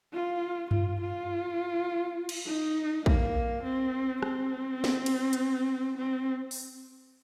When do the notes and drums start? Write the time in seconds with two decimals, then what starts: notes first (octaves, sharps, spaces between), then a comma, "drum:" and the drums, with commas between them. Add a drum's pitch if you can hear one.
0.14 F4
0.71 F4, drum: tom G2
1.01 F4
2.29 drum: cymbal
2.47 D#4
3.06 A#3, drum: kick A#1
3.64 C4
4.23 C4, drum: rim click
4.84 drum: snare
5.06 drum: cymbal
5.33 drum: hi-hat
5.97 C4
6.51 drum: open hi-hat